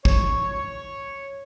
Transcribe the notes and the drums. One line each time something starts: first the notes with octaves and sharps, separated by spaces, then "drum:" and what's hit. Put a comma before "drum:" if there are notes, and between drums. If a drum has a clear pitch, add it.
C#5, drum: kick G#1